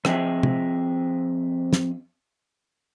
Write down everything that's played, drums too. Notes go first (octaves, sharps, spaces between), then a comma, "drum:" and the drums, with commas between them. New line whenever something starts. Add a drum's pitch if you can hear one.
F3 C4 G#4 A#4 D#5 E5, drum: rim click
drum: tom C3
drum: snare